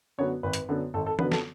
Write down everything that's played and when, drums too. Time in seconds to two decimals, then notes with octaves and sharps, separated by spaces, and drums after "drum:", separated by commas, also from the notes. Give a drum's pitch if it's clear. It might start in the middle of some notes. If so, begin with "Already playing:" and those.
0.18 F#2 D3 F#3 B3 C#5
0.43 G#1 B4
0.53 drum: hi-hat
0.69 F#2 D3 F#3 B3
0.94 G#1 A4
1.06 A4
1.19 F#2 D3 F#3 B3 B4, drum: tom E3
1.32 A4, drum: snare